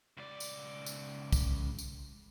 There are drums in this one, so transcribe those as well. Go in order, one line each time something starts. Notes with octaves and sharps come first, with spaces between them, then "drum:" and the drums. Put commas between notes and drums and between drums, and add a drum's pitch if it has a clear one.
C#2 D5
drum: tambourine
drum: tambourine
drum: kick, tambourine
drum: tambourine